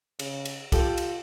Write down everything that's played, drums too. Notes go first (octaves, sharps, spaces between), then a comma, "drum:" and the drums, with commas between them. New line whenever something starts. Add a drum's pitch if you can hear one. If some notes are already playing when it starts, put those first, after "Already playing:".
C#3, drum: cymbal
drum: cymbal
F4 G4 A4, drum: kick, cymbal
drum: cymbal